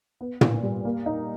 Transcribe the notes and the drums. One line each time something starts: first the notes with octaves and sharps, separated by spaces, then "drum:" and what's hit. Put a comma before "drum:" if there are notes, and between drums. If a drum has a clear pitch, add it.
B3
A#2, drum: tom
G3
A#3
D#4